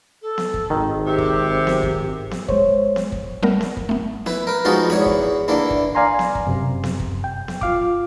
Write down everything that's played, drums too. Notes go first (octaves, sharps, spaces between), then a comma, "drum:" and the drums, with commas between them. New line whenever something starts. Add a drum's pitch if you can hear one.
A4
drum: snare B3
drum: kick
G#1 D#3
C3 G4
drum: kick
drum: snare B3
drum: kick
drum: snare B3
G#3 C5 C#5, drum: kick
drum: snare B3
drum: kick
G3 A3 B3 A#4
drum: snare B3
drum: kick
A3 B3
E4 B4, drum: snare B3
A#4 B4
F3 G#3 B3 D#4 F4 F#4
E2 C#5 B5, drum: snare B3
drum: kick
D3 E3 A#3 E4
drum: kick
D5 F5 G#5 A#5 C6
drum: snare B3
drum: kick
F#2 C3
drum: snare B3
drum: kick
G5
drum: snare B3
F4 F5 D6, drum: kick